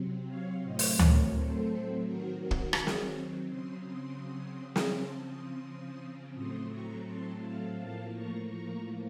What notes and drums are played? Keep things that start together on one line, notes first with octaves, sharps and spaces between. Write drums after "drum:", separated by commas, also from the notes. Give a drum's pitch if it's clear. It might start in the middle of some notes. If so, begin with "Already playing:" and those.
Already playing: C3 F#3 C4
C#5 F5
A2 F#3 A3 C4 C5 D#5
drum: open hi-hat
A#4 C#5, drum: tom D2
A4 C5
D#3 F#3 C4 F#4 A#4
F#4 A#4
drum: kick
drum: rim click
drum: snare
C#3 F#3 C4 C6 D#6
C6 D#6
drum: snare
C#3 F3 C4 A5 C6
C6 D#6
A2 F#3 A3 C4 C6 D#6
A#5 C#6
A5 C6
F5 A5
A2 F3 A#3 F5 A5
A#5 C#6
A#5 C#6